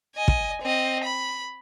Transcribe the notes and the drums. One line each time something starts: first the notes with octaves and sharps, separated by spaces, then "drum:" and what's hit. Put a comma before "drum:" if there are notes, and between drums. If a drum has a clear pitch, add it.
D#5 G#5
drum: kick
C4 D#5
B5